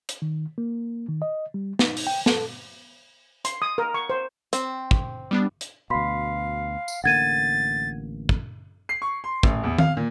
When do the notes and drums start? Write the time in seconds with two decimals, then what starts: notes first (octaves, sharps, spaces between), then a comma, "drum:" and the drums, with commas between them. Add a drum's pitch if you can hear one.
0.09 drum: hi-hat
0.22 D#3
0.58 A#3
1.09 D#3
1.22 D#5
1.54 G3
1.79 D#4, drum: snare
1.97 drum: open hi-hat
2.07 G5
2.26 A4, drum: snare
3.45 C6, drum: hi-hat
3.62 D#6
3.78 A#4
3.94 C#6
4.10 C5
4.53 C4, drum: hi-hat
4.91 drum: kick
5.31 G3 B3 D4
5.61 drum: hi-hat
5.90 D2 B2 F5 B5 C6 B6
6.88 drum: tambourine
7.04 A1 D3 A#3 F#5 G#6 A6 D#7
8.29 drum: kick
8.89 C7
9.02 C#6
9.24 C6
9.43 A1, drum: kick
9.63 E2
9.79 F5, drum: tom D#3
9.97 A#2